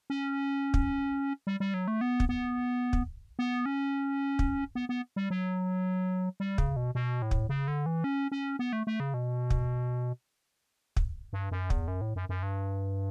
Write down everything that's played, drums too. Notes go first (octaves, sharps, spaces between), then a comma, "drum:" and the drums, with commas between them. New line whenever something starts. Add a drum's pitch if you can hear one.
C#4
drum: kick
G3
G3
F#3
A3
B3
drum: kick
B3
drum: kick
B3
C#4
drum: kick
B3
B3
G3
F#3
G3
C#3, drum: kick
B2
B2
A2
drum: kick
C#3
D3
E3
C#4
C#4
B3
A3
A3
C#3
B2
drum: kick
drum: kick
G2
F#2
E2, drum: kick
F#2
A2
F#2
F#2
G2